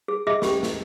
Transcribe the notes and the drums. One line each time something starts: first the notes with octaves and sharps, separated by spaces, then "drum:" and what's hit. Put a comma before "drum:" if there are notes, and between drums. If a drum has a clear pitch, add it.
G#4
G#4 D#5 E5
C#4 G4 C#6, drum: snare
drum: snare